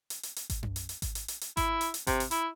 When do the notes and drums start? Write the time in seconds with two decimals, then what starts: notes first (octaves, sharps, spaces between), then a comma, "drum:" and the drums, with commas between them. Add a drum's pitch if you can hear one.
0.10 drum: hi-hat
0.23 drum: hi-hat
0.36 drum: hi-hat
0.50 drum: kick G#1, hi-hat
0.63 drum: tom F#2
0.76 drum: hi-hat
0.89 drum: hi-hat
1.02 drum: kick G#1, hi-hat
1.15 drum: hi-hat
1.28 drum: hi-hat
1.41 drum: hi-hat
1.57 E4, drum: kick G#1, hi-hat
1.81 drum: hi-hat
1.94 drum: hi-hat
2.07 C3, drum: kick G#1, hi-hat
2.20 drum: hi-hat
2.31 E4, drum: hi-hat